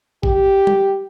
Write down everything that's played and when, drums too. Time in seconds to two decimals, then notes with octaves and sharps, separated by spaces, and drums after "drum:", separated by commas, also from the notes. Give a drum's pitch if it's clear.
0.23 G4, drum: kick
0.67 drum: tom